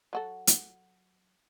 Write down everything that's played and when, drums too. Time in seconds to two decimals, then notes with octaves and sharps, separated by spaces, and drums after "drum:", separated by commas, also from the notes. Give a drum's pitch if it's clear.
0.13 F#3 F#4 A4
0.47 drum: hi-hat